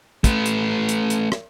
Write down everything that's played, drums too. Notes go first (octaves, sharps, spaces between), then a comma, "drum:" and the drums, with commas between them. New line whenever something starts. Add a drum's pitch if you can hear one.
A3 B4, drum: kick, hi-hat
drum: hi-hat
drum: hi-hat
drum: hi-hat
drum: rim click